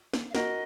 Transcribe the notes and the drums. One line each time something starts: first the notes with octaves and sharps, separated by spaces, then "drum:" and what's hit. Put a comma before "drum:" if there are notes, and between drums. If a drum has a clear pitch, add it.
drum: snare
F5
F#4 A#4 D#5, drum: snare